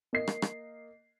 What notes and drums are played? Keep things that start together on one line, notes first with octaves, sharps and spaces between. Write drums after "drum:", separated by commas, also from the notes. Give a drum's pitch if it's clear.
A#3 D#5 C7
drum: rim click
drum: rim click